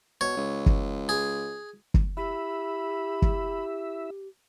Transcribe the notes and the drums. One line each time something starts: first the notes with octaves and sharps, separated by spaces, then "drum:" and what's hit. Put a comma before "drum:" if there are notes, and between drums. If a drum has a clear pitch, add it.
B2 C#5
C#2
drum: kick
G#4
drum: kick
E4 G4 E5 B5
drum: kick